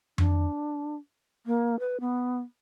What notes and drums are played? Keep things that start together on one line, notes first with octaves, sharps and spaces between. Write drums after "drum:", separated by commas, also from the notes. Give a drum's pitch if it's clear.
D4, drum: tom F2
A#3
B4
B3